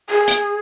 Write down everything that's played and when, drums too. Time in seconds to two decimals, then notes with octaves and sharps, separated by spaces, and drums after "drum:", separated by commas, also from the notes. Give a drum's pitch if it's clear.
0.10 G#4
0.28 drum: hi-hat